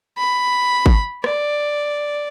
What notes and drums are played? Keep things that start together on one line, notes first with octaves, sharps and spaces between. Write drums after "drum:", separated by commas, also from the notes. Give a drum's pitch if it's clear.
B5
drum: kick G#1
D5, drum: rim click